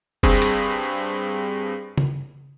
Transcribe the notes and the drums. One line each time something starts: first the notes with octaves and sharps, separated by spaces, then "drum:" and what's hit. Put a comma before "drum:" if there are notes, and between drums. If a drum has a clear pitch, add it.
G2 C4 G#4, drum: kick
drum: hi-hat
drum: tom C#3